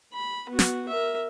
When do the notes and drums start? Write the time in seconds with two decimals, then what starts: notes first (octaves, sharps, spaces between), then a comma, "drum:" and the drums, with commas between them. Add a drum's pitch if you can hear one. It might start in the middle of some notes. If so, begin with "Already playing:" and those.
0.13 B5
0.49 B3 F#4
0.59 drum: snare
0.88 A#4 E5